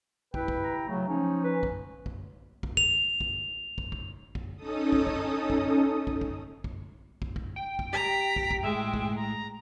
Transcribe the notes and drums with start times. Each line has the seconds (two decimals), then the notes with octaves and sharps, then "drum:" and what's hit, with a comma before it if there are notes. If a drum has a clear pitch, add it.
0.34 C3 E4 B4 G5, drum: kick
0.48 drum: kick
0.64 A#5
0.88 C#3 F#3 A3
1.08 F3 C#4 D#4
1.44 B4
1.63 drum: kick
2.06 drum: kick
2.63 drum: kick
2.77 F7, drum: kick
3.21 drum: kick
3.78 drum: kick
3.92 drum: kick
4.35 drum: kick
4.57 C#4 D#4 A4 D#6
4.92 drum: kick
5.07 drum: kick
5.50 drum: kick
6.07 drum: kick
6.21 drum: kick
6.64 drum: kick
7.22 drum: kick
7.36 drum: kick
7.56 G5
7.79 drum: kick
7.93 G4 A#5 B6
8.36 drum: kick
8.51 drum: kick
8.63 A2 G#3 E5
8.94 drum: kick
9.15 A#5